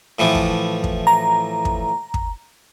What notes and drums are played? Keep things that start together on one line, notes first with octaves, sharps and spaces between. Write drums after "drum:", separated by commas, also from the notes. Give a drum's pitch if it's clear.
A2 E3 F3
drum: kick
drum: kick
A#5
drum: kick
drum: kick